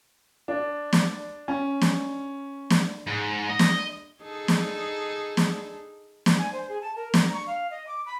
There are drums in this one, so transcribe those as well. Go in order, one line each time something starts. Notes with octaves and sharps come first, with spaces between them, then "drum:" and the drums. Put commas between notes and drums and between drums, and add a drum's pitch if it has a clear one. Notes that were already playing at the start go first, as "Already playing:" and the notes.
D4
drum: snare
C#4
drum: snare
drum: snare
G#2
D#5
drum: snare
D#4 G#4 A4
drum: snare
drum: snare
drum: snare
G#5
C5
G#4
A5
A#4
A#5, drum: snare
C#6
F5
D#5
D6
B5